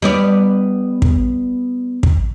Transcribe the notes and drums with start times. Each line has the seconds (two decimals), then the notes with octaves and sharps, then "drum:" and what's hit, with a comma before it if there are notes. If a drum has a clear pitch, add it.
0.02 G3 B3 D5
1.02 drum: kick
2.03 drum: kick